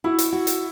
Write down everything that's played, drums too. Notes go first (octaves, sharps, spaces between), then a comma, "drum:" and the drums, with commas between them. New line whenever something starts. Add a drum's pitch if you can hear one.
E4 F#4
drum: hi-hat
F#4
drum: hi-hat